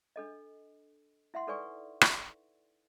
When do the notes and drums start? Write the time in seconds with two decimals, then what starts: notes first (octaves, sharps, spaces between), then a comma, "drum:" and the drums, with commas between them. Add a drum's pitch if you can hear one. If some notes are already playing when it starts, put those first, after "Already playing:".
0.16 D4 A4 D#5
1.34 E4 E5 F#5 C6
1.47 D#4 A4 B4 D5 G#5 C#6
2.01 drum: rim click